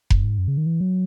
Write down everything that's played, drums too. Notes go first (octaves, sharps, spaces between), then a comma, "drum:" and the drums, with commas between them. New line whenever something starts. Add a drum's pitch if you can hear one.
F#2, drum: kick F1
G#2
F#2
C#3
D#3
E3
F#3